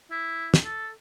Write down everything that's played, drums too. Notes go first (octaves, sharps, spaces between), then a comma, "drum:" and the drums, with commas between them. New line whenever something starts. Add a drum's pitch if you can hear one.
E4
drum: snare
A4